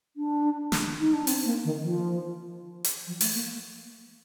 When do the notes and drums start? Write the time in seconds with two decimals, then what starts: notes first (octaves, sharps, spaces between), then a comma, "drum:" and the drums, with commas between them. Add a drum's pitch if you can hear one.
0.17 D4
0.72 drum: snare
1.00 D#4
1.13 D4
1.27 C4, drum: open hi-hat
1.45 A#3
1.65 D#3
1.82 F3
2.84 drum: hi-hat
3.07 F3
3.21 A3, drum: open hi-hat
3.35 A#3